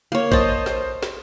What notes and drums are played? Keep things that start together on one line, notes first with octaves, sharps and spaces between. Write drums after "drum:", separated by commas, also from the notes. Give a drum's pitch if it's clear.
A#3 C#5
C5 D#5 A5, drum: kick A1
drum: snare
drum: snare